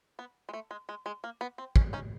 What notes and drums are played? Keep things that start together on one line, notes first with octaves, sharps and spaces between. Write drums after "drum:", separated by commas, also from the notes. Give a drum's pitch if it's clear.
B3
G#3
A3
G#3
G#3
G#3
A#3
B3
C4
C#4, drum: kick
C#4 D#4